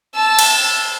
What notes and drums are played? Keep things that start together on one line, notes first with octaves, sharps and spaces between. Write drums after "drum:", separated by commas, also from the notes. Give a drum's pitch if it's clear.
A5 E6
drum: cymbal